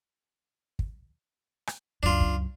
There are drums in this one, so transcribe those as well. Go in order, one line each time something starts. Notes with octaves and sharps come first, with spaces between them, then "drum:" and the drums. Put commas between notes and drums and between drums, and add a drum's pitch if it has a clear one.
drum: kick
drum: rim click
C#2 F#2 D4 F4
drum: kick